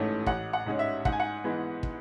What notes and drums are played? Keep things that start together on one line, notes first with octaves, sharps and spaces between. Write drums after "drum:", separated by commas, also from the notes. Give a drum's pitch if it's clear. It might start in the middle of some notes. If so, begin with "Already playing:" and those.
Already playing: A1 G#2 E3 A3 C#4
A1 F#5, drum: kick
F#5
G#2 G#3 C#4
E5
G#2 F#5, drum: kick
G#5
F#5
E3 G#3 B3
drum: kick